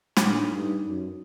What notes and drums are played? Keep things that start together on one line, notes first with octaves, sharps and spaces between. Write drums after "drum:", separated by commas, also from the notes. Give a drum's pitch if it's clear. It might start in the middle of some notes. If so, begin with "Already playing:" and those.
D#4, drum: snare
A2 D4
G2 D#4
F#2